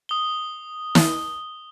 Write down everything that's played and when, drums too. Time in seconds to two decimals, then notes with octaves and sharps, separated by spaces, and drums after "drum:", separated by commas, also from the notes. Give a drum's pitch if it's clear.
0.09 D#6 G7
0.95 drum: snare